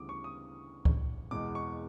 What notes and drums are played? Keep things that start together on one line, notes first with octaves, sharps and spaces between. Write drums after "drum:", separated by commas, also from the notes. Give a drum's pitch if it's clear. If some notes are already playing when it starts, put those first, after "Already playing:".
Already playing: D2 C#3 E3 G3 B3 D6 D#6
C#6
D#6
drum: kick C#2
E2 B2 G#3 B3 D6
C#6